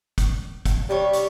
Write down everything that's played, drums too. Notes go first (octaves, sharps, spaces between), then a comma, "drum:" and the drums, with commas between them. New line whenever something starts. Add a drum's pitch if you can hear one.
drum: kick, hi-hat
drum: kick, hi-hat
C3 G3 G4 C#5
drum: hi-hat